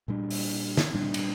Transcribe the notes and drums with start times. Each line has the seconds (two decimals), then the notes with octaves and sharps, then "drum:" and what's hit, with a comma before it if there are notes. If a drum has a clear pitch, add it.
0.08 A#2 G3 D4
0.31 drum: open hi-hat
0.77 drum: snare
0.94 A#2 G3 D4
1.14 drum: cymbal